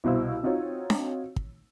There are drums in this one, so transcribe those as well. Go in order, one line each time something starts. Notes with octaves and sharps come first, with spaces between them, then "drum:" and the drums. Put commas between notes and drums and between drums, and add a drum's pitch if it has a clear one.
C2 B2 E4 C5 F5 E6
C4 D#4 F4 F#4 C#5
drum: snare D4
drum: kick